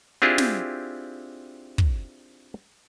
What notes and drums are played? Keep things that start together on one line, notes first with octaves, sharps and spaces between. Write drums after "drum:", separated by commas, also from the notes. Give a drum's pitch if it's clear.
C4 D4 E4 F4 G4 G#4
drum: snare
drum: kick